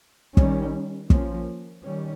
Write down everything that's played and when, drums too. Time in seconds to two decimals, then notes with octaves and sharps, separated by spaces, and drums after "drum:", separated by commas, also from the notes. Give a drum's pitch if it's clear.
0.37 D#3 G3 C#4, drum: kick
1.10 F3 A#3 C#4, drum: kick
1.84 D#3 G3 C#4